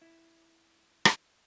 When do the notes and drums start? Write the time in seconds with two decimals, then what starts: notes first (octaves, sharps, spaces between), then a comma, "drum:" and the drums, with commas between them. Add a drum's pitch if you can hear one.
0.02 E4
1.05 drum: rim click